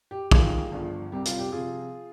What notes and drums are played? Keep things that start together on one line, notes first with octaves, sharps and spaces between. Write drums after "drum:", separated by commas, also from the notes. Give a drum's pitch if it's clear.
G4
D#2 D#3 G3 F4 G#4, drum: kick
G1 G2 F3
C2 C3 G3 G4
F4, drum: hi-hat
G4
C3 F3 F4 G#4